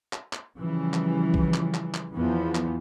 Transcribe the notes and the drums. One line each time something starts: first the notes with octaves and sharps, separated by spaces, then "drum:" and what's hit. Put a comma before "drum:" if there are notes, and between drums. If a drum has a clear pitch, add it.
drum: clap
drum: clap
C#3 E3 F3 G3
drum: clap
drum: kick A#1
drum: clap
drum: clap
drum: clap
E2 E3 F3 B3
drum: clap